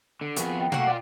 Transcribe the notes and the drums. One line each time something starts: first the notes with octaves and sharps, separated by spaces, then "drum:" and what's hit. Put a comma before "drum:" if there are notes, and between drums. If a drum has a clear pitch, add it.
D3
F2 B3 F#4 G#4 A#4, drum: hi-hat
D#5 G5
A3 A#3 F#4 F#5, drum: tom B2
F4 D5